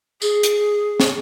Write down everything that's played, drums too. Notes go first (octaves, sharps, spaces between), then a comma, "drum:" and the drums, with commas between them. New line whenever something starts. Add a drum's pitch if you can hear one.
G#4, drum: tambourine
drum: hi-hat
drum: snare